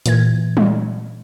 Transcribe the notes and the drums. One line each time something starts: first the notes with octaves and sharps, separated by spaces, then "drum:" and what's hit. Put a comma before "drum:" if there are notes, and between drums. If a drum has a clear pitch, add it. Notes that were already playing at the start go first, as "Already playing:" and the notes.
A#2 E3 G#6, drum: hi-hat
drum: tom F#3